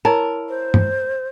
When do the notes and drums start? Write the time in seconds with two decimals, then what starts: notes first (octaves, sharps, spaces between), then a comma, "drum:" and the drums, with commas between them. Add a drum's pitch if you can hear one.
0.05 E4 A#4 C#5 A5
0.49 C5
0.74 drum: tom G2